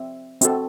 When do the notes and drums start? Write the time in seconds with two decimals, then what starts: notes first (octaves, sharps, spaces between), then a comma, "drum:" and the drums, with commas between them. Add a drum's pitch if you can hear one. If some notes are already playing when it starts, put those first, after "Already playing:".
Already playing: C4 E5
0.41 C4 F#4 A4, drum: hi-hat